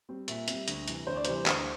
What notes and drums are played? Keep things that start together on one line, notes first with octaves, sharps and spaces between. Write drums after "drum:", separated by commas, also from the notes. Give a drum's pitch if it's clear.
G3 C4
A#2 E5, drum: hi-hat
G3 C4, drum: hi-hat
D2, drum: hi-hat
C3 E3 G3, drum: hi-hat
D2 C5
D5
C3 E3 G3 C5, drum: hi-hat
D2, drum: clap